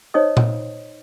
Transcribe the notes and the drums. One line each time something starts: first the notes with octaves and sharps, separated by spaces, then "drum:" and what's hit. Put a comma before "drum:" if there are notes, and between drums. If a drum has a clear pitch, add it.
D#4 C5 C#5 D#5 D#6
drum: tom A#2